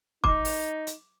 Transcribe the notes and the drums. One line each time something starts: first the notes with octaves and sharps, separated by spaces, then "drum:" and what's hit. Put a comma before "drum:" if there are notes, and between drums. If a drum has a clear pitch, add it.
D#4 D6, drum: kick
drum: open hi-hat
drum: hi-hat